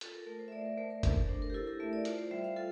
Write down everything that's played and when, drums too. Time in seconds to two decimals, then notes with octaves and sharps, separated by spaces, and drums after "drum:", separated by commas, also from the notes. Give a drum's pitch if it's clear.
0.01 F4 A4, drum: hi-hat
0.14 A#4
0.26 A3 A#4
0.39 C5
0.48 E5
0.52 A3 D5
0.65 A#4
0.78 A3 C5
0.90 A#4
1.03 D4 A4, drum: kick, hi-hat
1.16 A#4
1.29 D4 C5
1.42 A#4
1.50 G4
1.54 E4 A4
1.67 A#4
1.80 A3 E5
1.93 D5
2.05 F4 C5, drum: hi-hat
2.18 C5
2.31 G3 E5
2.44 F5
2.56 F4 A4